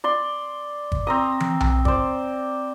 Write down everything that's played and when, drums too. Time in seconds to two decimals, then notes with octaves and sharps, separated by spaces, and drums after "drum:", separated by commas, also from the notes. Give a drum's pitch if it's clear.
0.04 D5 C6
0.92 drum: kick
1.07 C4 A#5 D#6
1.40 drum: tom
1.61 drum: tom B1
1.85 C5 D5, drum: kick